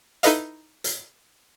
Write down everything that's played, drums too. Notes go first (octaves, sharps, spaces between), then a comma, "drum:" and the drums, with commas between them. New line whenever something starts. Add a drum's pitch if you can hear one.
D#4 E4 A4 B4 D#5 F5, drum: hi-hat
drum: hi-hat